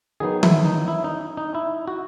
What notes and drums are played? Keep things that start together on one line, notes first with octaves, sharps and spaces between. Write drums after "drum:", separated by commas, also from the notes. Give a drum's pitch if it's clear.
D#3 F#3 B3 D#4 G#4
E4, drum: tom D#3
D#4
E4
D#4
D#4
E4
F#4